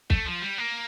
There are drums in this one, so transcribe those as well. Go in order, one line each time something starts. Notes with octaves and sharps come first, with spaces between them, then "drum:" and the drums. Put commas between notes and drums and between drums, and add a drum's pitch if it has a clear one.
A3, drum: kick
F3
G3
A#3